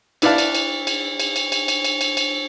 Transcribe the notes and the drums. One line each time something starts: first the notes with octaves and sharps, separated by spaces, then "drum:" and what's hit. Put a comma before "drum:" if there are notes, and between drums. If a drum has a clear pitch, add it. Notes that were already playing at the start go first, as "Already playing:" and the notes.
D4 E4 B4 D5 F5 A5, drum: cymbal
drum: cymbal
drum: cymbal
drum: cymbal
drum: cymbal
drum: cymbal
drum: cymbal
drum: cymbal
drum: cymbal
drum: cymbal
drum: cymbal